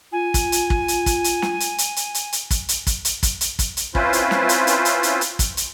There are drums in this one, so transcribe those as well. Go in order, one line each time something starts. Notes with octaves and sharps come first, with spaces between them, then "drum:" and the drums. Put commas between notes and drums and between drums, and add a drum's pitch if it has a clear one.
F4 G#5
drum: kick, hi-hat
drum: hi-hat
drum: kick
drum: hi-hat
drum: kick, hi-hat
drum: hi-hat
drum: snare
drum: hi-hat
drum: hi-hat
drum: hi-hat
drum: hi-hat
drum: hi-hat
drum: kick, hi-hat
drum: hi-hat
drum: kick, hi-hat
drum: hi-hat
drum: kick, hi-hat
drum: hi-hat
drum: kick, hi-hat
drum: hi-hat
C4 C#4 E4 F4 B4 C5, drum: kick
drum: hi-hat
drum: snare
drum: hi-hat
drum: hi-hat
drum: hi-hat
drum: hi-hat
drum: hi-hat
drum: kick, hi-hat
drum: hi-hat